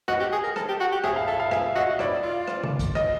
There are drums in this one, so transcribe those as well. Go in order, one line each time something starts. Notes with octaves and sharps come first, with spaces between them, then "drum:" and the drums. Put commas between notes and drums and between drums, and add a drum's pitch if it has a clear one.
F#4 D#5, drum: rim click
G4
G#4
A#4
A4, drum: rim click
G4
F#4
G4
G#4 E5, drum: rim click
F5
A4 E5
F5
G#4 E5, drum: rim click
F#4 D#5
E4 D5, drum: rim click
F4
drum: rim click
drum: tom
drum: kick, hi-hat
D#5, drum: rim click